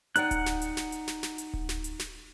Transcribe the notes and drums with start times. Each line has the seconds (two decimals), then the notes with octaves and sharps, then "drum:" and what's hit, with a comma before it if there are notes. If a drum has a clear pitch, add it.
0.16 D#4 D5 F#5 G5 F#6, drum: hi-hat
0.31 drum: kick D1, hi-hat
0.46 drum: snare
0.62 drum: hi-hat
0.77 drum: snare
0.92 drum: hi-hat
1.08 drum: snare
1.23 drum: snare
1.38 drum: hi-hat
1.53 drum: kick D1
1.69 drum: snare
1.84 drum: hi-hat
1.99 drum: snare